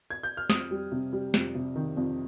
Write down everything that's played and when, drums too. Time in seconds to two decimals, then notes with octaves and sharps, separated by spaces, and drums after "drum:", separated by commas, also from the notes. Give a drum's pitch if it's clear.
0.10 G#6
0.23 G6
0.37 F6
0.50 F2 D#6, drum: snare
0.71 G3
0.92 C3
1.13 G3
1.34 F2, drum: snare
1.55 C3
1.76 D#3
1.97 F2